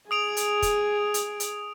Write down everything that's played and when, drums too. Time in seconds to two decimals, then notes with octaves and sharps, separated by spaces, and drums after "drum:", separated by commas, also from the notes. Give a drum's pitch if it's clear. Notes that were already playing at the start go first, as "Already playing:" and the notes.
0.11 G#4 D#6 D7 F7
0.37 drum: hi-hat
0.62 drum: kick, hi-hat
1.14 drum: hi-hat
1.40 drum: hi-hat